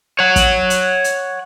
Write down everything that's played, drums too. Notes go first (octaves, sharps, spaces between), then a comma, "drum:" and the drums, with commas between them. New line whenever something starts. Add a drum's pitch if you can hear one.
C#5 F#5
drum: kick, hi-hat
drum: hi-hat
drum: hi-hat